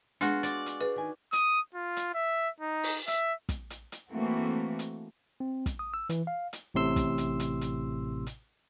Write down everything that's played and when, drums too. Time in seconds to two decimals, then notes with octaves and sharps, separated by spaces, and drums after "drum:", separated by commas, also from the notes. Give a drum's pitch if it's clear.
0.21 G#3 B3 D4 F4 F#4 G#5, drum: hi-hat
0.43 D5, drum: hi-hat
0.66 drum: hi-hat
0.81 G#4 B4
0.96 D#3 G#5
1.33 D#6, drum: hi-hat
1.75 F4
1.97 drum: hi-hat
2.14 E5
2.61 D#4
2.83 drum: open hi-hat
3.07 E5, drum: hi-hat
3.49 drum: kick, hi-hat
3.70 drum: hi-hat
3.92 drum: hi-hat
4.11 E3 A3 A#3 C4 F#4
4.79 drum: hi-hat
5.40 C4
5.66 drum: kick, hi-hat
5.79 D#6
5.94 E6
6.10 E3, drum: hi-hat
6.27 F5
6.53 drum: hi-hat
6.74 A1 A2 C3 C6 E6
6.96 drum: kick, hi-hat
7.18 drum: hi-hat
7.40 drum: hi-hat
7.61 drum: hi-hat
8.26 drum: hi-hat